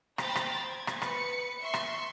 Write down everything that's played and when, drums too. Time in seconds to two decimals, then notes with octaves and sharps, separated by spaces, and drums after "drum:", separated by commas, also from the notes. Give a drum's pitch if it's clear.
0.18 C5 G5 A#5 B5 A6, drum: rim click
0.35 drum: rim click
0.68 G#6
0.87 drum: rim click
1.02 B4 C#7, drum: rim click
1.61 E5 C6 C#6
1.74 drum: rim click